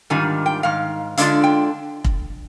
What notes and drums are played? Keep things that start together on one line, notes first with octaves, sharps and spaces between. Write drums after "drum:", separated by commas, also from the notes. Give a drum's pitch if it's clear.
G#2 D#3 G3 D4 F4 G#5
G5
G#2 D#3 F5
D3 G#3 D4 F4 F5, drum: hi-hat
G5
drum: kick